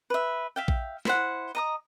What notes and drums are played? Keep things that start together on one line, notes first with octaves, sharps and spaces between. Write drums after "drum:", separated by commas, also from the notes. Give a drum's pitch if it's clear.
B4 E5
E5 F5 G5
drum: kick A#1
E4 C5 F#5, drum: snare
D#5 A#5 D#6